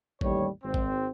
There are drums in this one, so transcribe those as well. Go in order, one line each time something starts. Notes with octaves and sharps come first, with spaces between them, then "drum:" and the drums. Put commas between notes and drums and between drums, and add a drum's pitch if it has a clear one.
A1 D#2 G3 C#5, drum: kick
G#1 C4
drum: kick